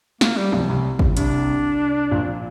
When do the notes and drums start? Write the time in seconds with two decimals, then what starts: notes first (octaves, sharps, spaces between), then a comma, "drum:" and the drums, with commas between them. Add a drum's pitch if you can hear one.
0.21 A#3, drum: snare
0.37 G3
0.52 C2 C3, drum: tom E3
0.68 C2 C3
0.99 drum: kick
1.17 C2 C3 D4, drum: hi-hat
2.11 A#1 A#2